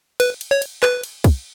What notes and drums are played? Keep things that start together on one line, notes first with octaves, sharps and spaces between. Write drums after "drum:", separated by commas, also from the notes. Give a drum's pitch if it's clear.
B4, drum: cymbal
drum: cymbal
C#5
drum: cymbal
B4, drum: clap
drum: cymbal
drum: kick, cymbal